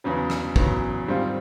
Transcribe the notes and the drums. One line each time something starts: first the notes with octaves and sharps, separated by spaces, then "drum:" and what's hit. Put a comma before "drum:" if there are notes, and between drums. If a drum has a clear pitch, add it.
E2 C#3 F#3
drum: rim click
E2 C#3 F#3, drum: kick
G#2 D#3 G3 C4 F4